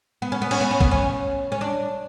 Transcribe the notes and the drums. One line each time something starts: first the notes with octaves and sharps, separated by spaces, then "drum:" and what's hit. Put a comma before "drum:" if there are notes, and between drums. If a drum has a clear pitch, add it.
B3
C#4
B3
C#4, drum: cymbal
B3
C#4
B3, drum: kick
C#4
C#4
D4